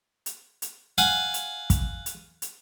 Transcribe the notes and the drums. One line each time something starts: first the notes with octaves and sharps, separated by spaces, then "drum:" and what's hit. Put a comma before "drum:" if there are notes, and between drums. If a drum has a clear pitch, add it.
drum: hi-hat
drum: hi-hat
F5 F#5 G#5, drum: hi-hat
drum: hi-hat
drum: kick, hi-hat
drum: hi-hat
drum: hi-hat